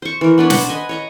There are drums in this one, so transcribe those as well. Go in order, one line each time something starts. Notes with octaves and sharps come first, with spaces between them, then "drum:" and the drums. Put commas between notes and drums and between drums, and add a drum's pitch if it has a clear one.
C5 C#6
E3 A#4
B3 D4 B4 C#5
C5 F#5, drum: snare
B4 D#5 G#5
C#5 D#5 A#5